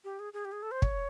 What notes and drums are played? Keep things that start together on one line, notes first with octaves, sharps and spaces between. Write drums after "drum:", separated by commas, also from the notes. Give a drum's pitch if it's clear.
G4
G#4
G#4
G4
G#4
A4
C5
C#5, drum: kick